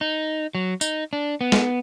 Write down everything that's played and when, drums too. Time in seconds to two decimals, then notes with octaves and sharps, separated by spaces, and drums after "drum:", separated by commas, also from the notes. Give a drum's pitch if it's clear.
0.01 D#4
0.55 F#3
0.81 D#4, drum: tambourine
1.13 D4
1.41 B3
1.52 drum: snare